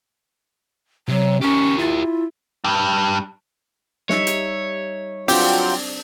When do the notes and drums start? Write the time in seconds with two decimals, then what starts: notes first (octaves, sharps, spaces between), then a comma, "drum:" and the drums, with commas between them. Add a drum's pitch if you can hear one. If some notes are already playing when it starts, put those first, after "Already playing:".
1.08 C3 F#3
1.41 C#4 G4 A#4 C#6
1.79 E4 F4
2.64 G2 G3
4.09 G3 D#4 C#5 E5, drum: snare
4.27 drum: hi-hat
5.28 F#3 C4 D4 F4 G4 G5, drum: open hi-hat